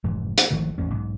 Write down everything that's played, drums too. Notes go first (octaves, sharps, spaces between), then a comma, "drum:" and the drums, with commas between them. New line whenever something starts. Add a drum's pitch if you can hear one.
F1 G#2 E3
drum: hi-hat
G#1 D#3 F3 A3
A1 E2 A#3 C#4
B1 G#2